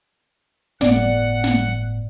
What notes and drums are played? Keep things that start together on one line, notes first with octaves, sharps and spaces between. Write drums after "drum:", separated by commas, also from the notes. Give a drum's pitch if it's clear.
G1 A2 B3 D5 F#5, drum: snare
drum: snare